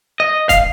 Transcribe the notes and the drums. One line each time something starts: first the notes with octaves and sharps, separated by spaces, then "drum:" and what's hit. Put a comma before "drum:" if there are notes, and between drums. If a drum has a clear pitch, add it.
D#5
F5, drum: kick, hi-hat